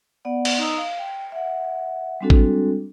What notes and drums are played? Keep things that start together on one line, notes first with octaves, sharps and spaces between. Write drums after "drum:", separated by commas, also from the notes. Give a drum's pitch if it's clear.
B3 D5 F#5
drum: cymbal
D#4 D#5 A#5 D#6 E6
F5
G5
E5 F#5
G3 G#3 C4 D4 F#4 A4
drum: kick